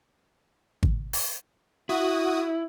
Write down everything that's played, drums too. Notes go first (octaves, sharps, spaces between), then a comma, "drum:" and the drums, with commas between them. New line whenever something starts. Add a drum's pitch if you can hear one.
drum: kick G#1
drum: open hi-hat
E4 F#4 D#6